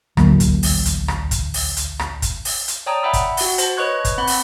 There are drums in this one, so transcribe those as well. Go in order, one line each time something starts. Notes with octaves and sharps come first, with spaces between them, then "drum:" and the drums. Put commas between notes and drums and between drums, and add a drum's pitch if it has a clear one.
A1 D2 F#3 A#3, drum: rim click
drum: kick, hi-hat
drum: open hi-hat
drum: hi-hat
drum: rim click
drum: kick, hi-hat
drum: open hi-hat
drum: hi-hat
drum: rim click
drum: kick, hi-hat
drum: open hi-hat
drum: hi-hat
C#5 D5 G5 A5 A#5 D#6
E5 F#5 G5 B5 E6
drum: kick, hi-hat
F#4 F#5, drum: open hi-hat
C5 A5 A#6, drum: hi-hat
B4 C#5 D#5 C#6 F#6 G#6
drum: kick, hi-hat
C4 F#5 B5
drum: open hi-hat